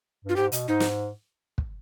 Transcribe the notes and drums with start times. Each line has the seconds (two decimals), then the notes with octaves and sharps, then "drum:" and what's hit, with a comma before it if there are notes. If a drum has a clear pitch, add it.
0.25 G2 F4
0.36 G#2 G4
0.52 B2, drum: hi-hat
0.68 G#2 D#4
0.80 drum: snare
1.58 drum: kick